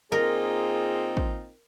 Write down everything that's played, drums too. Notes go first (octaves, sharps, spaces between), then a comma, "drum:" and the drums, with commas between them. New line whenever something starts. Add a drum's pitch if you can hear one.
A#2 C4 D#4 F4 G#4 A#4
drum: kick